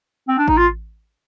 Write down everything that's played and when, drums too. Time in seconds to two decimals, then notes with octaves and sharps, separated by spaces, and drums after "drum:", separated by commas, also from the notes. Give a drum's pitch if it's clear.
0.28 C4
0.38 D4
0.48 D#4, drum: kick A1
0.58 F4